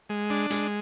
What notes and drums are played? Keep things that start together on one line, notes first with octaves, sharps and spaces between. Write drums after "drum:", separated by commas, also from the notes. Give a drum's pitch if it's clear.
G#3
D4
G#3, drum: hi-hat